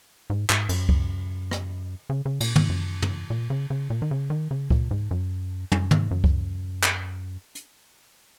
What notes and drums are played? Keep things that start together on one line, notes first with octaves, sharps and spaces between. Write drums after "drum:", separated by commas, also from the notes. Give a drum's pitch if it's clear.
G#2
G#2, drum: clap
F#2, drum: cymbal
drum: kick C#2
drum: rim click
C#3
C#3
A#2, drum: cymbal
G#2, drum: tom
F#2
drum: tom
A#2
C#3
C#3
A#2
D#3
C#3
D#3
C#3
A#2, drum: kick C#2
G#2
F#2
F#2, drum: tom
G#2, drum: tom
F#2
drum: kick C#2
drum: clap
drum: hi-hat